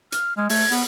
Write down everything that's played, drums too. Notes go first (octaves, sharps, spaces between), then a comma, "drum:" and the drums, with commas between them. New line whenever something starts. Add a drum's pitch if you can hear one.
F6, drum: hi-hat
G#3 F6
A3 G#6, drum: open hi-hat
B3, drum: open hi-hat